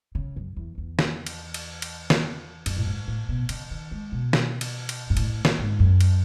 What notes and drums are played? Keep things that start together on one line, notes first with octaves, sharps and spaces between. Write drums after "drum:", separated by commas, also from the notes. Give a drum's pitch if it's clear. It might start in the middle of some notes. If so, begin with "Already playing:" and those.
C#3
F#2
E2
E2
drum: snare
drum: cymbal
drum: cymbal
drum: cymbal
drum: snare
F#2, drum: cymbal
A2
G#2
A2
B2
C#3, drum: cymbal
D#3
G#3
B2
drum: snare
drum: cymbal
drum: cymbal
G#2
A2, drum: cymbal
drum: snare
G#2
F#2
drum: cymbal